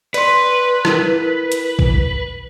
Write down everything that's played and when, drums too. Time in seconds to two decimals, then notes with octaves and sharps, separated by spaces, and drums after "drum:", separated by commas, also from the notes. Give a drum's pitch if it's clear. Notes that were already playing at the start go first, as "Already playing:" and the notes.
0.14 B4 D5 C6, drum: cymbal
0.85 E4 A#4, drum: rim click
1.52 drum: hi-hat
1.79 drum: kick